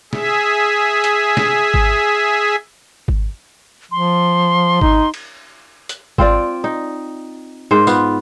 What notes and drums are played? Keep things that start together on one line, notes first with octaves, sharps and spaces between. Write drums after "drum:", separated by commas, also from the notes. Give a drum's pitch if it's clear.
G#4 E5, drum: snare
drum: hi-hat
drum: snare
drum: kick G#1
drum: kick G#1
F3 C6
D#4, drum: kick G#1
drum: cymbal
drum: hi-hat
C4 F4 D5, drum: kick G#1
D#4
G#2 A#4 C5
B3 F4, drum: tambourine